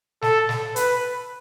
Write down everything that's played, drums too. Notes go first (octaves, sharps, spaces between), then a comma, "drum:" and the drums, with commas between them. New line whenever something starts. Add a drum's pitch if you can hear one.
A4, drum: snare
drum: snare
B4, drum: hi-hat